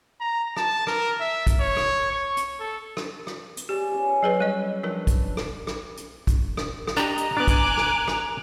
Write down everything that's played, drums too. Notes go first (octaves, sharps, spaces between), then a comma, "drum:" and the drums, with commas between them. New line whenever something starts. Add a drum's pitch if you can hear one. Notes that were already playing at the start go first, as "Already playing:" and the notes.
A#5
A5, drum: rim click
A#4, drum: rim click
E5
drum: kick, hi-hat
C#5
drum: rim click
C#6
drum: hi-hat
A4
drum: rim click
drum: rim click
drum: hi-hat
B3 G4 G#4 D5
C#4 F4
F#3 G#4 B4
G3 B4 C#5 D#5
F3 D4 A#4 F#5
drum: kick, hi-hat
drum: rim click
drum: rim click
drum: hi-hat
drum: kick, hi-hat
drum: rim click
drum: rim click
D4 G4 D#5 A#5
drum: hi-hat
B3 D4 G#5 D6 F#6
drum: kick, hi-hat
drum: rim click
drum: rim click